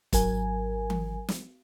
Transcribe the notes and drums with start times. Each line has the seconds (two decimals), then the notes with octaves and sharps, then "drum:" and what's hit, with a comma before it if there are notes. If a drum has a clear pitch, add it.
0.13 G#1 F#3 A#4 G#5, drum: kick, hi-hat
0.90 drum: tom E3
1.28 drum: snare